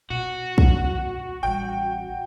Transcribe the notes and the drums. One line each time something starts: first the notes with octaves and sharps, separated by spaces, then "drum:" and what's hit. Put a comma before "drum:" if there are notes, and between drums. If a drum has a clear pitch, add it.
B2 F#4
drum: kick
A1 G3 G5